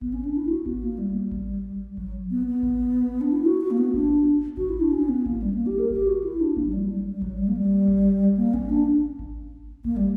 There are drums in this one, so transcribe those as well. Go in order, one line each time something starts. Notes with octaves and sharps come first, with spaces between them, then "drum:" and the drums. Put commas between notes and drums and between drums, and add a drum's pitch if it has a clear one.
B3, drum: kick G#1
C#4
D4
E4
F#4
B3, drum: kick G#1
A#3
G3
drum: kick G#1
F#3, drum: kick G#1
B3
B3
drum: kick G#1
D4
E4
F#4
F#4
A#3
B3
D4, drum: kick G#1
F#4, drum: kick G#1
E4
D4
C#4
B3
A#3, drum: kick G#1
G3
A#3
G4
A#4
G4, drum: kick G#1
F#4
E4
D4
A#3, drum: kick G#1
F#3
G3
G3
G3
F#3, drum: kick G#1
G3
A#3
G3
drum: kick G#1
A#3
C#4, drum: kick G#1
D4
drum: kick G#1
A#3, drum: kick G#1
G3